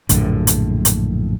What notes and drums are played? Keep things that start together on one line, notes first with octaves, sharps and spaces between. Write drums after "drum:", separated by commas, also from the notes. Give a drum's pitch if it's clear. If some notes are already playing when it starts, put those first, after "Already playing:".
A#1 F#2 A2 D3, drum: hi-hat
drum: hi-hat
drum: hi-hat